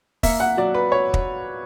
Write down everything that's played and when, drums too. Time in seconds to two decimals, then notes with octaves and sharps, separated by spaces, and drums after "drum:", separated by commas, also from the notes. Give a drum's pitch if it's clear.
0.23 A#3 E5, drum: kick, open hi-hat
0.40 F#5
0.57 F#3 D5
0.74 B4
0.92 C#5
1.14 drum: kick